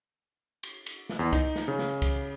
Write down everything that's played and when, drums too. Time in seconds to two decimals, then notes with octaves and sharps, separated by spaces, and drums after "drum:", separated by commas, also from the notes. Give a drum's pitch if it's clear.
0.63 drum: cymbal
0.86 drum: cymbal
1.09 drum: snare
1.19 E2
1.33 D#4, drum: kick, cymbal
1.56 drum: snare
1.68 C#3
1.79 drum: snare
2.02 drum: kick, cymbal